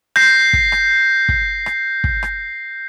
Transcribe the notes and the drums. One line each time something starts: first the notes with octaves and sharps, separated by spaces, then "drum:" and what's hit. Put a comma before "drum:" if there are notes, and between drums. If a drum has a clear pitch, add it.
G6 A#6 C7, drum: rim click
drum: kick
drum: rim click
drum: kick
drum: rim click
drum: kick
drum: rim click